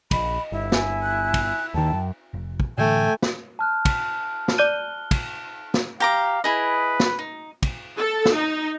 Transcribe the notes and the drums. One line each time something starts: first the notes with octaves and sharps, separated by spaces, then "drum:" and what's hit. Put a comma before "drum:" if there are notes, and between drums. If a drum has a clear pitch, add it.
A#1 D#5 B5, drum: kick, cymbal
G1 E4
G#5, drum: snare
F#6
drum: kick, cymbal
D#2 D#3 G5 A5
F#2
F1
drum: kick
A2 D3 E3 A3 G5 G#5
drum: snare
A5 F6 F#6
drum: kick, cymbal
drum: snare
D5 F#6 G6 D#7 G7
drum: kick, cymbal
drum: snare
G4 F5 A#5 D6
E4 G#4 B4 D#5
drum: snare
D#4
drum: kick, cymbal
A4
drum: snare
D#4